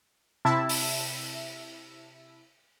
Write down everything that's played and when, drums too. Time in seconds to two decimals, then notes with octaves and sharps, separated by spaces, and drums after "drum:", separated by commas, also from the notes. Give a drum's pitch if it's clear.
0.45 C3 E4 E5 A5
0.69 drum: open hi-hat